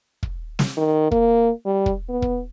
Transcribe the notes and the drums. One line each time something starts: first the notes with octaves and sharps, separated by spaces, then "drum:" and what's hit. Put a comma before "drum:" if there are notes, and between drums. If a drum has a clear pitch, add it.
drum: kick
drum: snare
D#3
A#3, drum: kick
G3
drum: kick
B3
drum: kick